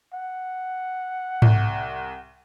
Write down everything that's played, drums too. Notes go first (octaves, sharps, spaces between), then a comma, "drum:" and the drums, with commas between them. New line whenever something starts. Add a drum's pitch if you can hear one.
F#5
C2, drum: tom G#2